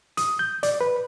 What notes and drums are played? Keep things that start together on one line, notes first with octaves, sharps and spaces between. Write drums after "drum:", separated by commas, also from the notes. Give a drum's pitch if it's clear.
D#6, drum: hi-hat
G6
D5, drum: hi-hat
B4